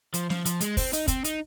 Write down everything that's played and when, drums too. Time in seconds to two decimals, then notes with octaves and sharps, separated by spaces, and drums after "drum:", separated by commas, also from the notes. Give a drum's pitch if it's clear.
0.14 F3, drum: hi-hat
0.30 F3, drum: snare
0.45 F3, drum: hi-hat
0.61 G#3, drum: hi-hat
0.77 C4, drum: kick, open hi-hat
0.93 D#4, drum: hi-hat
1.08 C4, drum: kick, hi-hat
1.24 D#4, drum: hi-hat